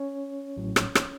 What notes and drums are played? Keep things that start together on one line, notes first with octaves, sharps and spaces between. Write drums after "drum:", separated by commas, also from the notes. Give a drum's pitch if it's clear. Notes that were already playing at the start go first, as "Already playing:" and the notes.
Already playing: C#4 C#5
A1 A2 F#3
drum: rim click
drum: rim click